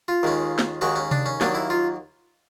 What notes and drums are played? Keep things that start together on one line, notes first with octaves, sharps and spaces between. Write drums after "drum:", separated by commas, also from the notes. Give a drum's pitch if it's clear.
F4
D#2 D#3 G#3 C#4
drum: snare
D#2 D#3 G#3 C#4 F#4
C#4
D4, drum: tom C3
C#4
D#2 D#3 F#3 A#3 D4, drum: snare
E4
F4